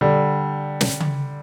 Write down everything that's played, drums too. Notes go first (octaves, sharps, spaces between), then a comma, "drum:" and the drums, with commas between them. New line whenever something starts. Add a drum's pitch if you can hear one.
D3 G3
drum: snare
drum: tom C#3